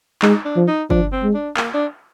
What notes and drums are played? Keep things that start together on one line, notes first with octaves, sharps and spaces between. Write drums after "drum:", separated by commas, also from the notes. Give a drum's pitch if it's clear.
G#3 D#4, drum: clap
D4
F3
D#4
F3 D4, drum: kick
C4
G#3
D4
A#3, drum: clap
D4